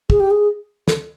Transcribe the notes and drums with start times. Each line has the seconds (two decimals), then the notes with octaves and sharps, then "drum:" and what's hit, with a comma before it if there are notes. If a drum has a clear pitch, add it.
0.10 G#4, drum: kick
0.20 G4
0.30 G#4
0.88 A4, drum: snare